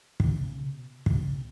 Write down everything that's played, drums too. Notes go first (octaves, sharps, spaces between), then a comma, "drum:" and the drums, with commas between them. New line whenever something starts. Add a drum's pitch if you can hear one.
D#3, drum: kick
C#3
B2
A#2 C#3
B2
A#2 C#3, drum: kick
B2